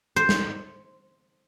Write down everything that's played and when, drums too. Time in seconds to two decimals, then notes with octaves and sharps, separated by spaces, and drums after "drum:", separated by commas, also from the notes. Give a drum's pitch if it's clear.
0.16 C5
0.29 drum: snare